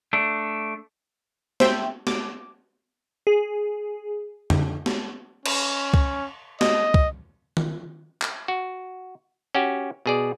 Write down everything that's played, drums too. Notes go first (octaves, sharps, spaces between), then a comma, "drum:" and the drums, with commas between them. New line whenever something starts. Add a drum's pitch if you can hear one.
A3 D4
C5 E5 G5, drum: snare
D6, drum: snare
G#4
drum: tom
drum: snare
C#4, drum: cymbal
drum: kick
D#5, drum: snare
drum: kick
drum: tom D#3
drum: clap
F#4
C#4 F#4 G4
B2 G#4 D5